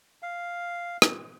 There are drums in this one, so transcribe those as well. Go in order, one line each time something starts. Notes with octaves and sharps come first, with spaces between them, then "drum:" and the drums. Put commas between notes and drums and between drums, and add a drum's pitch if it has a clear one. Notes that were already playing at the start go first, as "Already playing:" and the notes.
F5
drum: rim click